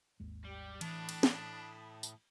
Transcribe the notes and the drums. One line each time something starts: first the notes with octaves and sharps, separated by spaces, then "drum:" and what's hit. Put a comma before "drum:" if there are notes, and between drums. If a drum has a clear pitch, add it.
G#1 D#2 G#3
G3 G4
A2 E3 D4 A5 B5 D#6, drum: cymbal
drum: cymbal
drum: snare
drum: tambourine